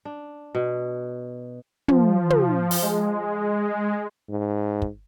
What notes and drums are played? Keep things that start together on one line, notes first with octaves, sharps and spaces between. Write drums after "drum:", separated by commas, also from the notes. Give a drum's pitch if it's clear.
D4
B2
F3, drum: tom
drum: tom
drum: open hi-hat
G#3
G#2
drum: kick